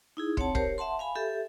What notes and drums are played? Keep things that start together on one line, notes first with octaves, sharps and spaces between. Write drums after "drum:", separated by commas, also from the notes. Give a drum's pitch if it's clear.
D#4 E4 G#4
C4 C#5 F#5 A5, drum: kick
G4 A#4 C5 C#5, drum: kick
E5 F#5 A5 C6
F5 G#5 B5
G4 A4 E5